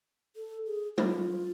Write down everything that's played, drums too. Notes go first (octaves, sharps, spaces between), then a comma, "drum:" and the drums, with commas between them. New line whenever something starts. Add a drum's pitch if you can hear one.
A4
G#4
F4, drum: tom F#3